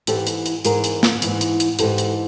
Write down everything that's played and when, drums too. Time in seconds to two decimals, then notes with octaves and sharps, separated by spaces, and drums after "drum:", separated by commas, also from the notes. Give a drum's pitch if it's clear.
0.07 G#2 E3 G4 A4, drum: hi-hat
0.27 drum: hi-hat
0.46 drum: hi-hat
0.65 G#2 E3 G#4 A#4, drum: hi-hat
0.84 drum: hi-hat
1.03 drum: snare
1.22 G#2 E3, drum: hi-hat
1.41 drum: hi-hat
1.60 drum: hi-hat
1.79 G#2 E3 G4 A4, drum: hi-hat
1.98 drum: hi-hat